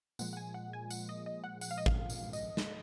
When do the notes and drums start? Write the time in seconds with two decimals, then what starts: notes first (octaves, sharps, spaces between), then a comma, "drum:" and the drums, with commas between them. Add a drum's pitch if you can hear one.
0.19 A#2 F3 G#3 F#5, drum: tambourine
0.33 F#5
0.37 G#5
0.54 F#5
0.73 G#5
0.91 F#5, drum: tambourine
1.09 D#5
1.26 D#5
1.44 F#5
1.61 F#5, drum: tambourine
1.71 F5
1.78 D#5
1.86 F5, drum: kick
2.10 drum: tambourine
2.33 D#5, drum: tambourine
2.57 drum: snare